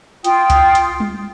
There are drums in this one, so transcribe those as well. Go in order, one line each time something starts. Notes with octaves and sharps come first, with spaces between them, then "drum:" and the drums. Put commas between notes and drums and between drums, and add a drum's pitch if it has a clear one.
F4 G5 D#6, drum: hi-hat
drum: kick C#2, hi-hat
drum: hi-hat
drum: tom G3